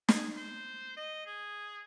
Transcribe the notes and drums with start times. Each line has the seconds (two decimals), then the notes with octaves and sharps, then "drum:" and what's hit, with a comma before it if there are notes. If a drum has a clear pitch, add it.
0.09 G#4, drum: snare
0.36 C5
0.97 D#5
1.26 G#4